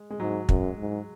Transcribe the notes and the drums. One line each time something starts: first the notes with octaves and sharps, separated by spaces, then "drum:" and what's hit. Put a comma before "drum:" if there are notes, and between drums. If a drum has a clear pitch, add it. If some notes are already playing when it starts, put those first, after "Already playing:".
Already playing: G#3
G#3
G#2 F#3
F#2, drum: kick
G#2